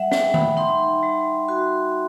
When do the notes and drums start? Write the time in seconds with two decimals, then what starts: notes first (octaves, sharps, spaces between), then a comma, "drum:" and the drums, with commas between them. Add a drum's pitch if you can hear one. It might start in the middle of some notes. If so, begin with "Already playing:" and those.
Already playing: G3 E5 F#5
0.12 G3 G5, drum: snare
0.34 B5, drum: tom D#3
0.57 D#4 C6
1.03 G3
1.48 F#4 C6